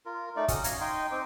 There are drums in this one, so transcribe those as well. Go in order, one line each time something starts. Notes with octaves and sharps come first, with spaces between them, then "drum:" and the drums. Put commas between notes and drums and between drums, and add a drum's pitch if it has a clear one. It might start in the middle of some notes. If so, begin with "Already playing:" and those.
F4 A#4
A3 D#4 D5
C#4 F#4 D#6, drum: kick, hi-hat
C#5 F5 A#5, drum: hi-hat
D#4 D#5 G5 C6
C4 D#4 C5 D6